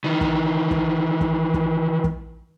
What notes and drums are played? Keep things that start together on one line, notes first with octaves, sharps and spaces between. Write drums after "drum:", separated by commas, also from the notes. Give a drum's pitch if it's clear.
D#3 E3
drum: kick
drum: kick
drum: kick
drum: kick
drum: kick